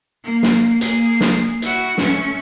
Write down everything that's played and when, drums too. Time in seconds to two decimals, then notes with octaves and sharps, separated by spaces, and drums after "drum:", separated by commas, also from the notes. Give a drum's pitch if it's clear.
0.24 A#3
0.43 drum: snare
0.81 A#3 G#4, drum: hi-hat
1.21 drum: snare
1.62 E4 F#4, drum: hi-hat
1.98 A3 C#4, drum: snare